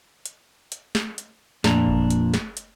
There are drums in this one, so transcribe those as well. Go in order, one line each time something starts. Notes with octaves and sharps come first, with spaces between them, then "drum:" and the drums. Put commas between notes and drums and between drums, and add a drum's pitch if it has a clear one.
drum: hi-hat
drum: hi-hat
drum: snare
drum: hi-hat
F2 A#2 D4 A#5, drum: snare
drum: kick G1
drum: hi-hat
drum: snare
drum: hi-hat